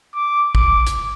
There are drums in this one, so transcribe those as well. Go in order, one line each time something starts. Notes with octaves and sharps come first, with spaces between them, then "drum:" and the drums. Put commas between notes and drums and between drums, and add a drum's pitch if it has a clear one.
D6
D6, drum: kick
drum: hi-hat